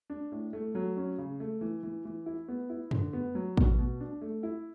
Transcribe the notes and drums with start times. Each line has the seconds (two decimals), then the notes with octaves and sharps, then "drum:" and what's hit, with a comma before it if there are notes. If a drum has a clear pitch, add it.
0.10 D4
0.32 A2
0.53 A3
0.75 F#3
0.97 C#4
1.18 C#3
1.40 A3
1.61 E3
1.83 E3
2.05 E3
2.26 E4
2.48 B3
2.70 E4
2.91 D3, drum: tom F#2
3.13 B3
3.35 F#3
3.57 B2, drum: kick
3.78 B2
4.00 D4
4.21 A3
4.43 E4